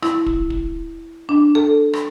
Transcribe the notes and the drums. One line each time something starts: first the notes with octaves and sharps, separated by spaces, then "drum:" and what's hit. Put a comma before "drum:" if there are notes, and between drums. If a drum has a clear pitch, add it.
E4, drum: rim click
drum: kick
drum: kick
D4
A4
drum: rim click